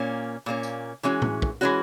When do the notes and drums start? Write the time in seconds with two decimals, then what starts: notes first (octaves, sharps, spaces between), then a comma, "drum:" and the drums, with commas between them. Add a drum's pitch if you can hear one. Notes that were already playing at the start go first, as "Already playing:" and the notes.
Already playing: A#2 A#3 C#4
0.46 A#2 A#3 C#4
0.63 drum: tambourine
1.03 E3 G#3 C#4 F#4
1.22 drum: tom
1.42 drum: kick
1.61 E3 G#3 C#4 F#4